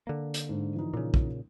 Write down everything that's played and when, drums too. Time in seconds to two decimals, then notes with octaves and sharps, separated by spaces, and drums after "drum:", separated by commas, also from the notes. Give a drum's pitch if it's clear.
0.07 D3 A#3
0.34 drum: hi-hat
0.49 G#2 D4
0.75 E3 F3 D#4
0.93 A#2 C#3
1.14 drum: kick